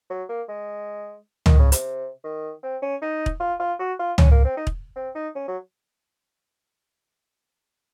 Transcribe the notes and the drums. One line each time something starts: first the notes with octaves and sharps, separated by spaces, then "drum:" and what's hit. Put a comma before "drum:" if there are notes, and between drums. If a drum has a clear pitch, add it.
F#3
A#3
G#3
D#3, drum: tom C#2
C#3
C3, drum: hi-hat
D#3
C4
C#4
D#4
drum: kick E1
F4
F4
F#4
F4
C#4, drum: tom C#2
A#3
C4
D#4
drum: kick E1
C4
D#4
C#4
F#3